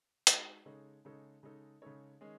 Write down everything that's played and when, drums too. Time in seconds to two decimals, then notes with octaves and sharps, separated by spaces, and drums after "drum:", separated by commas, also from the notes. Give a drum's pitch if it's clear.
0.27 G#3 D#4 F#4, drum: hi-hat
0.65 C#3 G#3 D#4 A4 C#5
1.05 C#3 G#3 D#4 A4 C#5
1.43 C#3 G#3 D#4 A4 C#5
1.82 C#3 G#3 D#4 A4 C#5
2.21 D#3 G#3 C#4 G#4